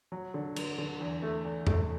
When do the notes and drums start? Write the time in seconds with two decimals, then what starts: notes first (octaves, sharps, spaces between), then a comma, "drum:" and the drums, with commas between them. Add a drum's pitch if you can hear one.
0.12 F#3
0.34 D3
0.56 F#3, drum: cymbal
0.78 D3
1.00 E2
1.22 A3
1.45 E2
1.67 A3, drum: tom